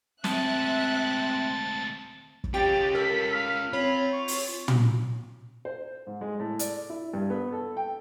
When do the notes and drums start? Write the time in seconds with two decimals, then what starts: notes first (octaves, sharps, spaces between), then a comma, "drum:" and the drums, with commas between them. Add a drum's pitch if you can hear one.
0.24 D2 G#3 C4 E5 A5 F#6, drum: snare
2.44 drum: kick
2.54 C#4 F4 G4 G5 A6
2.95 A4 A#4 B6
3.33 F5
3.73 C4 F4 C#5 B5
4.13 C#6
4.28 drum: open hi-hat
4.68 drum: tom
5.65 C5
6.07 G#2
6.21 G#3
6.39 A2
6.59 D5, drum: hi-hat
6.90 E4
7.14 G2
7.30 B3
7.52 A4
7.77 G5